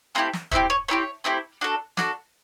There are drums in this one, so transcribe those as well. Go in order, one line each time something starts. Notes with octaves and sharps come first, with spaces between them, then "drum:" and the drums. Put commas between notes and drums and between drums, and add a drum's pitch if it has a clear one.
A3 C4 E4 G4 F5
drum: snare
A3 C4 E4 G4 E5, drum: kick
C#5
A3 C4 E4 G4 C#5
A3 C4 E4 G4
D4 F#4 A4
D4 F#4 A4, drum: snare